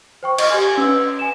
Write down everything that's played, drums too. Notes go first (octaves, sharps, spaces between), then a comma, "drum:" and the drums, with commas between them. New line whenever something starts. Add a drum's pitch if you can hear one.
C5 G5 C#6
D#5 C#6 F6, drum: cymbal
G4 G#5
C#4 B4 E6
G#5 E7